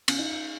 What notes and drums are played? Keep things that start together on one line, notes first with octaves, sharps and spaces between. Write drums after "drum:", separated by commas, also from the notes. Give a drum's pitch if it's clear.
C#4, drum: cymbal
D#4